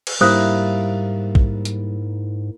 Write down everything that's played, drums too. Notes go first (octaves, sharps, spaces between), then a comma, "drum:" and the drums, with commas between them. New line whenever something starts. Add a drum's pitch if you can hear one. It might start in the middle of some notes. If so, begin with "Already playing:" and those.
drum: cymbal
G#2 G3 A#3 E4 C5 D#6 F#6
drum: kick
drum: hi-hat